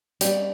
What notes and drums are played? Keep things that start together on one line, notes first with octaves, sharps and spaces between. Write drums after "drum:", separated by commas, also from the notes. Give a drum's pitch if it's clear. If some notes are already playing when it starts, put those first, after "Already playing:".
G3, drum: hi-hat